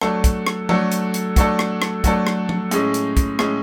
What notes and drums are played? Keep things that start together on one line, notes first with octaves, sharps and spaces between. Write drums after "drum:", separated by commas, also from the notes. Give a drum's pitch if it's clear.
F#3 A3 D4 A4, drum: rim click
drum: kick, hi-hat
drum: rim click
F#3 A3 D4 A4, drum: tom F3
drum: hi-hat
drum: hi-hat
F#3 A3 D4 A4, drum: kick, hi-hat
drum: rim click
drum: rim click
F#3 A3 D4 A4, drum: kick, hi-hat
drum: rim click
drum: tom F3
A2 G#3 C#4 G#4, drum: hi-hat
drum: hi-hat
drum: kick, hi-hat
A2 G#3 C#4 G#4, drum: rim click